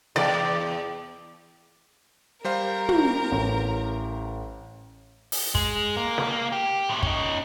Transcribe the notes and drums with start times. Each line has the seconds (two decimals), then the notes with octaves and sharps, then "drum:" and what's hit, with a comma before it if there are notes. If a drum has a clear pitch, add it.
0.16 E2 D5, drum: snare
2.45 G3 A#4 C5 F5 A#5
2.89 drum: tom
3.32 A1
5.32 drum: open hi-hat
5.55 G#3, drum: kick
5.97 A#3
6.18 drum: snare
6.52 G4
6.89 A2 C3
7.03 C#4 D#4, drum: kick